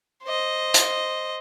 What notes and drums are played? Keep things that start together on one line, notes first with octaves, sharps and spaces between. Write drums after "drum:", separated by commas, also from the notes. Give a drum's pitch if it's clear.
C5 D#5
drum: hi-hat